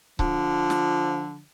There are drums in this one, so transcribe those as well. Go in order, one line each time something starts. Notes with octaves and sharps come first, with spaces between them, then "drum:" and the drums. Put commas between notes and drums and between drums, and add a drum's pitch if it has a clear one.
D3 F3, drum: kick C#1
drum: snare